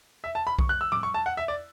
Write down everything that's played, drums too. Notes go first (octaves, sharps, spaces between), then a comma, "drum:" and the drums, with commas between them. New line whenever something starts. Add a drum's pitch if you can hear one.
E5
A5
B5
C#6, drum: kick B1
F#6
E6
D6, drum: tom A2
C#6
A5
F#5
E5
D5